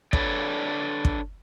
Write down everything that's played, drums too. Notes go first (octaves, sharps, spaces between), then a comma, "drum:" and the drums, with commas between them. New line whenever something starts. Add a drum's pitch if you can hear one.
D4 A4 B4 C#5 D5, drum: kick
drum: kick